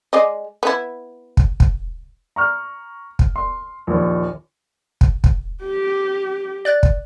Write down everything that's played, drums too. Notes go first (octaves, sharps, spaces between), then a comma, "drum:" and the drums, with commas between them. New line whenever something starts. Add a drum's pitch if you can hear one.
G#3 D5 D#5
B3 E4
drum: kick
drum: kick
A#5 C#6 F6
drum: kick
C6
A#1 D#2
drum: kick
drum: kick
G4
D5 F#6 A6
drum: kick